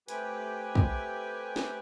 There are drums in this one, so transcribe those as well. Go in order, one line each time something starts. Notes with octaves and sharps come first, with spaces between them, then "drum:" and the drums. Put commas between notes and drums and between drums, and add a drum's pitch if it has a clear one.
A3 C4 G4 B4 G5 G#5, drum: hi-hat
drum: kick
drum: snare